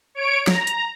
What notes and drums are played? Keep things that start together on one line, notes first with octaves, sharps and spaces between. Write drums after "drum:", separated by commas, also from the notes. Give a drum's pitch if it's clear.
C#5 D7
A#5, drum: snare
drum: hi-hat